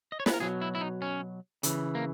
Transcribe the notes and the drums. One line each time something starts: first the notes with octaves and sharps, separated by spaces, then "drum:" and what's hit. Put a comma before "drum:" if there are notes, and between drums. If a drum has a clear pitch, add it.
D#5
C#5
B4, drum: snare
A#4
B2 F#3 G#4
E4
E4
D#4
C#4
C#3 E3, drum: hi-hat
A#3